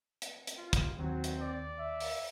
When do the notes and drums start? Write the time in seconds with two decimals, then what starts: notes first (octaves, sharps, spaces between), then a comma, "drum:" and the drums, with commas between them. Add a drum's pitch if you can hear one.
0.22 drum: hi-hat
0.47 drum: hi-hat
0.57 F4
0.73 drum: kick, hi-hat
0.98 D#2 F#3 C4
1.24 drum: hi-hat
1.41 D5
1.79 E5
2.00 drum: open hi-hat